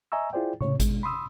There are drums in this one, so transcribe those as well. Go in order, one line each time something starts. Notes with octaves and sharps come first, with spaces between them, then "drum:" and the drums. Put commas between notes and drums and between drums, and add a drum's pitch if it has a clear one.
D#5 E5 G#5 A#5 C#6 E6
E4 F4 G#4 C5 D5 G5
A2 C#3 C#5 C#6, drum: tom C3
B2 G#3, drum: kick G#1, hi-hat
B5 C6 D#6 E6